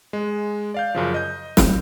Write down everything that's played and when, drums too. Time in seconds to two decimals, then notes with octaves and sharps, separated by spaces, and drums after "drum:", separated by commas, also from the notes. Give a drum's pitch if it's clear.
0.13 G#3
0.74 D5 F5 G6
0.95 F#2 C#3 F3
1.14 D#5 G6
1.57 drum: snare